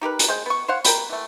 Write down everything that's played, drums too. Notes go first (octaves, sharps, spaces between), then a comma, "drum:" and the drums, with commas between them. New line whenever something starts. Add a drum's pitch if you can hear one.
D#4 G4 A#4 B4
drum: hi-hat
G#3 C5 G5
B3 C#6
C5 C#5 F5 F#5
A#4 G5 B5, drum: hi-hat
E3 A3